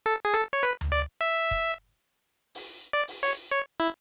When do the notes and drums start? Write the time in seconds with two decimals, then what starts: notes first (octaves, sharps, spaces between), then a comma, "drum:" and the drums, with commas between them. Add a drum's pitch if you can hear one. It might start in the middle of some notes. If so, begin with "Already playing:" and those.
0.06 A4
0.25 G#4
0.34 A4
0.53 C#5
0.63 B4
0.81 drum: tom D2
0.92 D5
1.21 E5
1.51 drum: kick
2.55 drum: open hi-hat
2.93 D5
3.08 drum: open hi-hat
3.23 C#5, drum: open hi-hat
3.51 C#5
3.80 E4